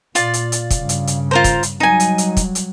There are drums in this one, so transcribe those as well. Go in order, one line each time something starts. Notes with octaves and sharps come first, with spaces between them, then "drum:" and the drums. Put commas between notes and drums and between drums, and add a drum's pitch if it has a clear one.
A#2 F4 D5, drum: hi-hat
drum: hi-hat
drum: hi-hat
drum: kick, hi-hat
G2 C#3
drum: hi-hat
drum: hi-hat
F4 A#4 C5
drum: kick, hi-hat
drum: hi-hat
F#3 G3 D#4 G#5
drum: hi-hat
drum: hi-hat
drum: kick, hi-hat
drum: hi-hat